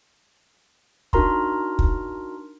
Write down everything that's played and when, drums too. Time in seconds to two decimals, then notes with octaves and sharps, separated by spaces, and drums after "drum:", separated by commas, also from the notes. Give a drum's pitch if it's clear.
1.13 D4 D#4 F#4 A#4 A#5 C6, drum: kick
1.79 drum: kick